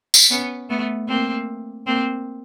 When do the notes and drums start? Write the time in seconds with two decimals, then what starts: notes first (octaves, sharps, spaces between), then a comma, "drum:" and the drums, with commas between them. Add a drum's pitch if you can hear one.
0.14 drum: tambourine
0.30 B3 C#4
0.69 A3 B3
1.08 A#3 C4
1.87 A#3 C4